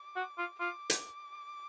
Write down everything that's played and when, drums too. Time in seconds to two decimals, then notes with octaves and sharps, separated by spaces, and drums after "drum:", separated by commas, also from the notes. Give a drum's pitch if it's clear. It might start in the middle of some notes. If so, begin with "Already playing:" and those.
Already playing: D6
0.16 F#4
0.38 F4
0.59 F4 D6
0.90 drum: hi-hat